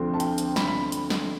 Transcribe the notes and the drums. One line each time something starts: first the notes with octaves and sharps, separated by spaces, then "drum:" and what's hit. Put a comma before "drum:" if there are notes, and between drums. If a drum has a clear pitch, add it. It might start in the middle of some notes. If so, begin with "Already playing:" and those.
Already playing: D2 D3 F3 C4
A5
G5, drum: hi-hat
drum: hi-hat
B5, drum: snare
B5
drum: hi-hat
drum: snare